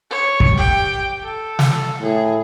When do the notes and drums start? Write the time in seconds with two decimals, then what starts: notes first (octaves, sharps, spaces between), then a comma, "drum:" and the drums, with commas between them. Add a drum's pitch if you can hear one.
0.10 C#5
0.40 drum: kick
0.56 G4 G5
1.23 A4
1.59 drum: snare
2.02 A2 G#4